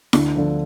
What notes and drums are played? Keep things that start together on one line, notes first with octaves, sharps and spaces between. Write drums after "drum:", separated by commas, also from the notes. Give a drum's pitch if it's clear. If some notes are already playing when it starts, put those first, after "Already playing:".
D2 D4, drum: snare E4
D3 F3